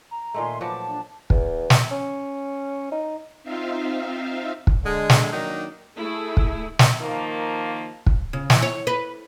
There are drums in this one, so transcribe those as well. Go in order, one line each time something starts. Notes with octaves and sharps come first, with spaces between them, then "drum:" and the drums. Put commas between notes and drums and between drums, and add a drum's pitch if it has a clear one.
A#5
A#2 D#3 A3 E5 G#5 C6
F3 F#3 F#4 B4 A5 D6
D4
E2, drum: kick
drum: snare
C#4
D#4
C4 D#4 F4 E5 F5
drum: kick
D3 G#3
drum: snare
D#3 F#3 A#3 D4 D#4
A3 E4 G#4
drum: kick
drum: snare
D#3 F3 A#3
drum: kick
C#3
E3, drum: snare
C#5
B4